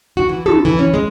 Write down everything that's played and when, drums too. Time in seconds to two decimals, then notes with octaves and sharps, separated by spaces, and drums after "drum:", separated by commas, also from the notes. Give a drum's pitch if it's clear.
0.17 F#4
0.29 E3
0.46 A4, drum: tom
0.65 E3
0.79 C#4
0.94 G#3